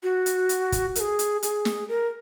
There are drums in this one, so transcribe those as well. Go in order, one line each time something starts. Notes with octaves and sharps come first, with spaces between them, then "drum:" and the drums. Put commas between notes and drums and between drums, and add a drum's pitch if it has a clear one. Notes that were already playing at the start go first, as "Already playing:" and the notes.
F#4
drum: hi-hat
drum: hi-hat
drum: kick, hi-hat
A#4, drum: hi-hat
G#4
drum: hi-hat
G#4, drum: hi-hat
drum: snare
A#4